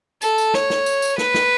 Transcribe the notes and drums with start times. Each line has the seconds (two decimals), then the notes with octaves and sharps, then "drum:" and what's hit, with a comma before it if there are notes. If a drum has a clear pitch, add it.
0.22 A4, drum: tambourine
0.38 drum: tambourine
0.54 C#5, drum: snare
0.70 drum: snare
0.86 drum: tambourine
1.02 drum: tambourine
1.18 B4, drum: snare
1.34 drum: snare